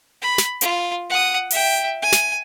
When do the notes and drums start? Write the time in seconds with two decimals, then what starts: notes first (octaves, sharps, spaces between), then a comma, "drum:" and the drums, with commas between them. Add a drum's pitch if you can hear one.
0.22 B5
0.38 drum: snare
0.61 F4, drum: hi-hat
1.10 F#5 D#6
1.51 E5 G5, drum: open hi-hat
2.02 G#5
2.12 drum: snare